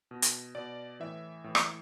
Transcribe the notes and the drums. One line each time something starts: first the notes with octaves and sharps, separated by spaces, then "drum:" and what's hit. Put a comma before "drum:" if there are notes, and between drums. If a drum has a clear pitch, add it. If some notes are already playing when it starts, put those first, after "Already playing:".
B2
drum: hi-hat
B2 D5
A2 E3 E5
A2 E3
drum: rim click